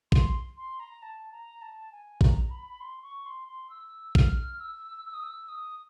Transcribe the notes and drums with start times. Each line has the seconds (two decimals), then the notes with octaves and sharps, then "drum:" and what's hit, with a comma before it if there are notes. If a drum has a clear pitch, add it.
0.12 C6, drum: kick A1
0.57 C6
0.80 A#5
1.02 A5
1.32 A#5
1.62 A5
1.92 G#5
2.21 A#5, drum: kick A1
2.51 B5
2.81 C6
3.03 C#6
3.26 C6
3.48 C6
3.70 E6
4.15 F6, drum: kick A1
4.60 E6
5.05 E6
5.14 D#6
5.23 E6
5.49 D#6